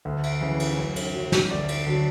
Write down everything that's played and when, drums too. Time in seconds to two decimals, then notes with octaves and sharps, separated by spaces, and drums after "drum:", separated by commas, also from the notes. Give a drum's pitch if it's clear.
0.05 D2
0.23 drum: cymbal
0.41 C#3 E3
0.60 drum: cymbal
0.77 F#2
0.96 drum: cymbal
1.14 C#3 F#3
1.32 drum: snare
1.51 D2 D5
1.68 drum: cymbal
1.86 D3 F#3